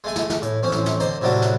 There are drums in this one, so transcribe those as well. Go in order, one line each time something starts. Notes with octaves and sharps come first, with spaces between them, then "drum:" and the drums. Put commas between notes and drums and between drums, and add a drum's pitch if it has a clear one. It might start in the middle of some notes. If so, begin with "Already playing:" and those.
G#3 A3 G#5
drum: snare
drum: snare
A2, drum: hi-hat
A1 C4 C#4
drum: snare
drum: snare
D3 D#4 C5, drum: hi-hat
A2 C3 F#3 G3 D4 F#4
drum: snare